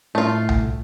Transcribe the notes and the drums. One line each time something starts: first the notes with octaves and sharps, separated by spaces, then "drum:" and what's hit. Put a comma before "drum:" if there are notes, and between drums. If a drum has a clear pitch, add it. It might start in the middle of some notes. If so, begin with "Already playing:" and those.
A2 A3 F4
drum: tom C2